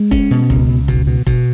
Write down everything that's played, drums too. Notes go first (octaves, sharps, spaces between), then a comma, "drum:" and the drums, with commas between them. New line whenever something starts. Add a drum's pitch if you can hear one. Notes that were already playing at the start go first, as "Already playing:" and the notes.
Already playing: G#3
C#4, drum: kick F1
B2
C#2, drum: kick F1
C#2
B2, drum: kick F1
B2
B2, drum: kick F1